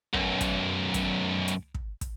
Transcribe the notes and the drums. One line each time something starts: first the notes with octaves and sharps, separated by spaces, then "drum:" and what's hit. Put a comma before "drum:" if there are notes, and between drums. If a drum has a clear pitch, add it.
B1 F#2, drum: kick
drum: kick, hi-hat
drum: kick, hi-hat
drum: hi-hat
drum: kick
drum: kick, hi-hat